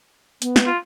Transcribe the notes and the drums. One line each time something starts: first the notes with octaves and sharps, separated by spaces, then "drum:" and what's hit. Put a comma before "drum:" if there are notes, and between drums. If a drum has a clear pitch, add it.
B3, drum: hi-hat
drum: snare
F4